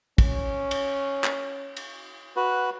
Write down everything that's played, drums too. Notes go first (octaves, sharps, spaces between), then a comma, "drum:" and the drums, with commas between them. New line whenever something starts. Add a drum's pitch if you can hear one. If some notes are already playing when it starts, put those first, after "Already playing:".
C#4, drum: kick, cymbal
drum: cymbal
drum: clap
drum: cymbal
F#4 B4